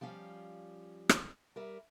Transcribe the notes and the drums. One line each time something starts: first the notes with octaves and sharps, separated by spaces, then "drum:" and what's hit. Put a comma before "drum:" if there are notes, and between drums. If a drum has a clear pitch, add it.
F3 G3 C#4 F5
drum: rim click
G3 A#4 E5